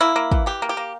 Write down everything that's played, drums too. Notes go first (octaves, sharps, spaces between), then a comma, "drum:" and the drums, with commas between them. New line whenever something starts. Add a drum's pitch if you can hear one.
A#3 E4
A#3
E3, drum: kick
E3 G4
A#3
G4
A#3